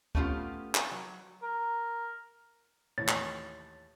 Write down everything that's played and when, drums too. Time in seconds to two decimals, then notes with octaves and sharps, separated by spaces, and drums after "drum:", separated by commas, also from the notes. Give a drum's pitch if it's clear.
0.15 A3 B3 C#4 E4 F4 G4, drum: kick
0.75 drum: clap
0.91 F#3
1.43 A#4
2.98 D#2 A2 E3 C#5 A6
3.08 drum: clap